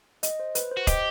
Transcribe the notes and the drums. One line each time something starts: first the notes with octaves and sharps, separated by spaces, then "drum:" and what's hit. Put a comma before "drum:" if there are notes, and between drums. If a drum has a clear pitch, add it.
D#5, drum: hi-hat
C5
B4, drum: hi-hat
C5
F#4
G4 D#5, drum: kick, hi-hat